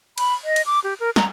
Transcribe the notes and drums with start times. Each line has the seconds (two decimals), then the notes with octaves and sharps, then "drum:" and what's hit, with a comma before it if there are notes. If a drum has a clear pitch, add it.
0.18 B5, drum: cymbal
0.44 D#5
0.56 drum: cymbal
0.66 D6
0.84 G4
1.00 A#4
1.16 A#5, drum: snare